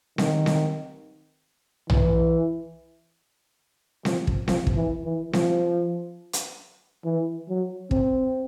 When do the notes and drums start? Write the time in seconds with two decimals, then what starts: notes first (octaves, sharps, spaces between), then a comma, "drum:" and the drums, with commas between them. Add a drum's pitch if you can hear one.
0.18 D#3, drum: snare C4
0.46 drum: snare C4
1.90 E3, drum: tom B1
4.05 F3, drum: snare C4
4.27 drum: kick
4.48 F3, drum: snare C4
4.67 drum: kick
4.76 E3
5.05 E3
5.33 F3, drum: snare C4
6.33 drum: hi-hat
7.05 E3
7.49 F#3
7.91 C4, drum: kick